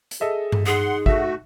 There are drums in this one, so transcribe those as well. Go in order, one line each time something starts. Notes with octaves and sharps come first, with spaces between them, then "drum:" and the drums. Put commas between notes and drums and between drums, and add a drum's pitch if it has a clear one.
drum: hi-hat
G#4 A4 D#5 E5
drum: tom G2
D#4 G#4 F#5 C6
A3 F#4 E5, drum: kick